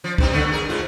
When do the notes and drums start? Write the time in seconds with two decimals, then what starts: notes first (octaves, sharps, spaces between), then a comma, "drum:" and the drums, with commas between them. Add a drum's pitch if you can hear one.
0.04 F3
0.18 G2 C4 D#4, drum: kick
0.33 D3 A3 B3
0.52 G#4 A#4
0.69 G#2 F4